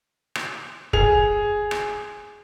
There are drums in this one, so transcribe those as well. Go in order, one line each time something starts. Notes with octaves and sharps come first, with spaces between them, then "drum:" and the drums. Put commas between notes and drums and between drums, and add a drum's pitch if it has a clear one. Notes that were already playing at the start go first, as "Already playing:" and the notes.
drum: rim click
G#4 F7, drum: kick
drum: rim click